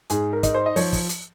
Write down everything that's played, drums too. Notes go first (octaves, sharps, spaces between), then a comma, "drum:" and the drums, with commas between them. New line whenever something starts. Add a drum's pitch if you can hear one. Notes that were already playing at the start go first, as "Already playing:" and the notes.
G#2 G#4, drum: hi-hat
A#4
D#4, drum: kick, hi-hat
C5
D#5
F3 C#5, drum: open hi-hat
drum: kick, open hi-hat
drum: hi-hat